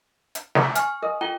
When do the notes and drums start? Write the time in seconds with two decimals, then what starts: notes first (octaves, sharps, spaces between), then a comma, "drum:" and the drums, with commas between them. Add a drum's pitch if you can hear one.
0.35 drum: hi-hat
0.55 drum: snare
0.75 G#5 C#6 F6, drum: hi-hat
1.03 A#4 D#5 D#6
1.21 F4 A4 G5 G7